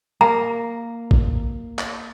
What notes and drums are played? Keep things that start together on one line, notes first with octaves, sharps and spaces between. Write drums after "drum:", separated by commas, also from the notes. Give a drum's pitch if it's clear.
A#3 A#5
drum: kick
drum: clap